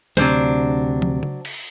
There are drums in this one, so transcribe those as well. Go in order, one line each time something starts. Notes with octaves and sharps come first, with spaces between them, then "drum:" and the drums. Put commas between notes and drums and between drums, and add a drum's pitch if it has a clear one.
D2 C3 F#3 D4 C5, drum: snare
drum: tom
drum: tom C#3
drum: cymbal